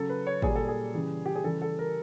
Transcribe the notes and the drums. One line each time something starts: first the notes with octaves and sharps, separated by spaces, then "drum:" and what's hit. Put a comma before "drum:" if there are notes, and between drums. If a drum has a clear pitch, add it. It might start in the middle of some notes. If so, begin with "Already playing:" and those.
Already playing: C#3 F#3 A4
B4
C#5
A#2 G3 G#4, drum: kick
A4
G#4
C#3 E3 G3
G4
G#4
C#3 E3 G3 A4
A4
A#4